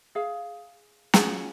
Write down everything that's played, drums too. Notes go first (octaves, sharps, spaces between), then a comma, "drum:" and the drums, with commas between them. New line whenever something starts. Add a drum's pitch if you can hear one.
G#4 F5
C#4 F4 F#4 G#4, drum: snare